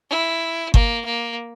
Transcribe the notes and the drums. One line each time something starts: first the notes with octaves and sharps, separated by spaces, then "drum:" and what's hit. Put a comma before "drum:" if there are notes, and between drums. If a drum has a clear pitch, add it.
E4
A#3, drum: kick G1
A#3